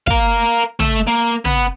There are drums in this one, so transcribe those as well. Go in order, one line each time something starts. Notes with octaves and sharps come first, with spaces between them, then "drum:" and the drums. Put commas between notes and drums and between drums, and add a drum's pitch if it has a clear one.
A#4 F5, drum: kick
A3 E5, drum: tom
A#3
B3, drum: tom